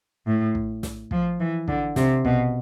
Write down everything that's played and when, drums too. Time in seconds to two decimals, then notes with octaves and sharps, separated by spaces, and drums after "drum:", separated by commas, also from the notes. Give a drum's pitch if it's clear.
0.26 A2
0.55 drum: kick
0.83 drum: snare
1.11 F3, drum: kick
1.40 E3
1.68 D3, drum: kick
1.96 C3, drum: snare
2.25 B2, drum: kick